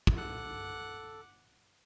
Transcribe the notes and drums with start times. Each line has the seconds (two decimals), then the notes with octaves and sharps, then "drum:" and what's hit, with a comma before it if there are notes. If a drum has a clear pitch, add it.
0.07 drum: kick
0.17 A4 F#5 D6